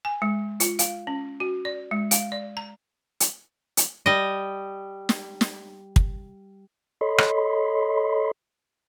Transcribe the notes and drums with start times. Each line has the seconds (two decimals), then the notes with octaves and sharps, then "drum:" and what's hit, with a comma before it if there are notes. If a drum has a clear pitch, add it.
0.05 G#5
0.22 G#3
0.60 F4, drum: hi-hat
0.79 F5, drum: hi-hat
1.07 C#4
1.40 F#4
1.65 D5
1.91 G#3
2.11 F5, drum: hi-hat
2.32 D5
2.57 A#5
3.20 drum: hi-hat
3.77 drum: hi-hat
4.06 G3 D#5
5.09 drum: snare
5.41 drum: snare
5.96 drum: kick
7.01 A4 C#5 D#5 B5 C6
7.18 drum: rim click